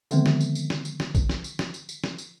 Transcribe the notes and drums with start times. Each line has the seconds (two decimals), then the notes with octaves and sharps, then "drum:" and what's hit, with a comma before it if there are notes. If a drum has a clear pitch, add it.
0.11 D3 D#3 F3 G#3 B3 C4, drum: tambourine
0.26 drum: snare
0.41 drum: tambourine
0.55 drum: tambourine
0.70 drum: snare
0.85 drum: tambourine
1.00 drum: snare
1.15 drum: kick, tambourine
1.29 drum: snare
1.44 drum: tambourine
1.59 drum: snare
1.74 drum: tambourine
1.89 drum: tambourine
2.04 drum: snare
2.18 drum: tambourine